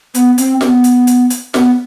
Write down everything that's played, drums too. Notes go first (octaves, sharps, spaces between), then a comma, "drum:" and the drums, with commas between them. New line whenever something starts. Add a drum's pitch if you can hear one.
B3, drum: hi-hat
C4, drum: hi-hat
C4, drum: snare
B3
drum: hi-hat
drum: hi-hat
drum: hi-hat
B3, drum: snare